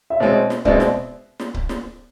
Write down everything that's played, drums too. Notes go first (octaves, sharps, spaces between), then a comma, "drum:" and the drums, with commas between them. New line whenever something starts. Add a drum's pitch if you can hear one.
E5
B2 G#3 C4 C#5 D#5
drum: snare
B2 G#3 C4 D5 E5, drum: kick C#1
drum: snare
drum: snare
drum: kick C#1
drum: snare